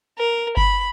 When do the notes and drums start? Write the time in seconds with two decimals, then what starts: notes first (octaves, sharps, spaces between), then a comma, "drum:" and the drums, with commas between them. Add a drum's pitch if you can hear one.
0.18 A#4
0.57 B5, drum: kick G1